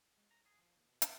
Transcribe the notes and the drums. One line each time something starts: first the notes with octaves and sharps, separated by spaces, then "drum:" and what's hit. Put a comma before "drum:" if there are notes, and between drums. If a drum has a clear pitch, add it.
G#3
A#5
G#4
F3
D#2
B2
C3, drum: hi-hat